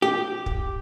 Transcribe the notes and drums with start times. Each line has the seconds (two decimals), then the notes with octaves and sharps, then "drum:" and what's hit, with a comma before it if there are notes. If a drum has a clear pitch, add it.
0.02 G4
0.46 drum: kick